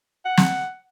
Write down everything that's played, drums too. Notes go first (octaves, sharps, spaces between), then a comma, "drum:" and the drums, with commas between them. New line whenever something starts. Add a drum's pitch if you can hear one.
F#5
drum: snare